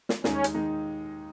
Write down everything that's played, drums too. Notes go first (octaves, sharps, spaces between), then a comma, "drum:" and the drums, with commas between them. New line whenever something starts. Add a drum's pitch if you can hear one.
drum: snare
D#2 D#3 G#3 C#4 D#4, drum: snare
drum: hi-hat
D#3 G#3 D#4